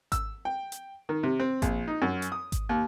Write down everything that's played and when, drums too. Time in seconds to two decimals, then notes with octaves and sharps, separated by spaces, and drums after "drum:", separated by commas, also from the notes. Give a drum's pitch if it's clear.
0.12 E6, drum: kick G#1, hi-hat
0.45 G5
0.72 drum: hi-hat
1.09 D#3
1.23 C3
1.40 C4
1.62 A#1, drum: kick G#1, hi-hat
1.88 D#4
2.02 F#2
2.22 drum: hi-hat
2.32 D#6
2.52 drum: kick G#1, hi-hat
2.69 D#2